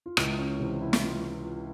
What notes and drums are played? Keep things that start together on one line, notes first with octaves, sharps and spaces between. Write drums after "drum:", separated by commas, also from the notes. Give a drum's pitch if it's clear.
F4
C#2 E4, drum: rim click
C#4
C3 E3 C#4
E4
drum: snare
F4